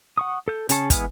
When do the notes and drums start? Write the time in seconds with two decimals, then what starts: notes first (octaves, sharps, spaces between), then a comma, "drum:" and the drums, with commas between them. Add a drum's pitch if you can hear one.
0.18 F#5 C#6 D#6
0.48 A4 G6
0.69 C#3 C#4 G#4 A5 C#6, drum: hi-hat
0.90 E3 G#3 B3 G#5 F6, drum: kick, hi-hat